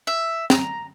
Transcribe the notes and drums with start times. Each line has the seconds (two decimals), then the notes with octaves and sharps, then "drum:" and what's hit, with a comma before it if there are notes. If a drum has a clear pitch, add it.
0.07 E5
0.50 A#5, drum: snare